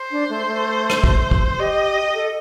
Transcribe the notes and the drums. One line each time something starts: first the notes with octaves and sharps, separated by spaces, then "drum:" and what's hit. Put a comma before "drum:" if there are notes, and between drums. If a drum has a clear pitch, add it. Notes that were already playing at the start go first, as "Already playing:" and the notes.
Already playing: C5
D4
A3
A3
drum: rim click
drum: kick
drum: kick
G4 D#5
A4